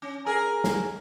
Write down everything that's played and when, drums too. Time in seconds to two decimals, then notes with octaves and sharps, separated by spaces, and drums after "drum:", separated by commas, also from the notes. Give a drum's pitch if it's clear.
0.02 C#4
0.26 G#4 A#4
0.64 drum: snare